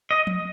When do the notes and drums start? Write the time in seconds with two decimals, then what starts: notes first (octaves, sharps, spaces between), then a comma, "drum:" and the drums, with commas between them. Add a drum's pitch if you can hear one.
0.11 D#5
0.27 drum: tom F3